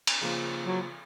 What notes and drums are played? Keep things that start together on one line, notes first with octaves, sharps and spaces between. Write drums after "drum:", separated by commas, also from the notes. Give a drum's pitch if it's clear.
drum: cymbal
C#3 F3 A#3
F#3